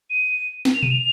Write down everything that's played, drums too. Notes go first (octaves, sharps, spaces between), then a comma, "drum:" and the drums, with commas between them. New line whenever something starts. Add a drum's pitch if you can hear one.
D#7
drum: snare
F7
D#7, drum: tom B2
F7